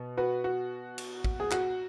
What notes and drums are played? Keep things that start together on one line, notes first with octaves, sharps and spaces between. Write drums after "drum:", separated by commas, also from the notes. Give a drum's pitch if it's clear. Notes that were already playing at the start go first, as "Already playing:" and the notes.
Already playing: B2 B3
F#4 B4
F#4
drum: cymbal
drum: kick A1
G#4
F#4, drum: clap